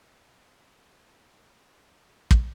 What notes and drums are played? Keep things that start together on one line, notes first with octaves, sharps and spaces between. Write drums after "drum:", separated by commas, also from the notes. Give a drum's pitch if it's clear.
G5 B5
G#2 C5 G#5 A5 B5
B3
E4 A#5
drum: kick